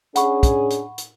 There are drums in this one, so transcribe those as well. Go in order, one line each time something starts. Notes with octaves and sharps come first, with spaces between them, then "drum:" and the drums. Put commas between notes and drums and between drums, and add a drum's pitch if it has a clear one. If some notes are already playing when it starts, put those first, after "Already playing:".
C#4 D4 G#4 F#5 B5 C#6, drum: hi-hat
drum: kick, hi-hat
drum: hi-hat
drum: hi-hat